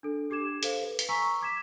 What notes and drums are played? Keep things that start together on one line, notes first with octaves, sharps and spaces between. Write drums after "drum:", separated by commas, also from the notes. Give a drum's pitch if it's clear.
D4 A4
D4 G4 D6 G#6 E7
A4 C5 F5, drum: hi-hat
B4
drum: hi-hat
G#5 A#5 C#6 E6 B6
D6 G#6 B6 E7